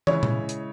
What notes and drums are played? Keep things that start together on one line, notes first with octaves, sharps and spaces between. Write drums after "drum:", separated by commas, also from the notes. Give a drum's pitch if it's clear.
C#3 G#3 E4 C#5, drum: tom
drum: tom A#2
drum: hi-hat